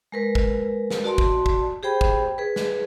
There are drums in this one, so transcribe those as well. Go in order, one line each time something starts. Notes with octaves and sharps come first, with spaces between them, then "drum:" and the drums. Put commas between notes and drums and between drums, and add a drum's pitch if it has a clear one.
G#3 A#4 B4
drum: kick
drum: snare
F#4 D5 A5 C6
drum: kick
drum: kick
G4 G#4 C5 G5 B5
drum: kick
G#4 B4
drum: snare